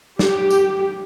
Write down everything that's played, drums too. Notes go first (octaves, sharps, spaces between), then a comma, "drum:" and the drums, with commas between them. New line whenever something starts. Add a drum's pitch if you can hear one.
G4, drum: snare
drum: tambourine